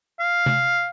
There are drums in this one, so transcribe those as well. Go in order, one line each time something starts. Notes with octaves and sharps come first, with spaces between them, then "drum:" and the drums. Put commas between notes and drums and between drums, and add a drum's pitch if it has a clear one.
F5
drum: tom C3